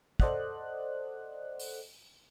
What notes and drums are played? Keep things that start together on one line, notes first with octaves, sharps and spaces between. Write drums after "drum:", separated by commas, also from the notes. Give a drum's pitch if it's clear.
A4 C5 D5 D#5 F#5 F#6, drum: kick
drum: open hi-hat